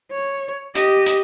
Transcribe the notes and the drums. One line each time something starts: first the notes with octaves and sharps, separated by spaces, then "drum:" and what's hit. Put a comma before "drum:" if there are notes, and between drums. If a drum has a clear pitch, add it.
C#5
G4 D#5, drum: hi-hat
drum: hi-hat